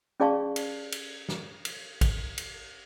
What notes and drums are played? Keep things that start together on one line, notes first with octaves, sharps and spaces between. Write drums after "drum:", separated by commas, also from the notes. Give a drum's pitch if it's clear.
C#4 G#4 D5 F5 A5 C#6
drum: cymbal
drum: cymbal
drum: snare
drum: cymbal
drum: kick A1, cymbal
drum: cymbal